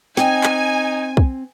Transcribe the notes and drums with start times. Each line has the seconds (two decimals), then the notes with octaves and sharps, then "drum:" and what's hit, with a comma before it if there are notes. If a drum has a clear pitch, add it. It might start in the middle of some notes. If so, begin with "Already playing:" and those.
0.17 C4 D#4 G5 G#5, drum: snare
0.43 drum: clap
1.17 drum: kick